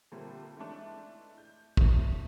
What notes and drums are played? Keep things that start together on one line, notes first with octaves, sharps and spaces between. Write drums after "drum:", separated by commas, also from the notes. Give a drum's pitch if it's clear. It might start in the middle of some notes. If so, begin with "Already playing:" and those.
A#2 D3 G3 A3 A#3 C4
E3 G#3 A3 D4
G6
A3, drum: kick